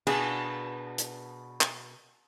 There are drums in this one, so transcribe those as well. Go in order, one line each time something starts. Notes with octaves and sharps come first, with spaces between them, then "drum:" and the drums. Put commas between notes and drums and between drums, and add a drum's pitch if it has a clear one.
B2 B3 D4 G#4, drum: cymbal
drum: hi-hat
drum: clap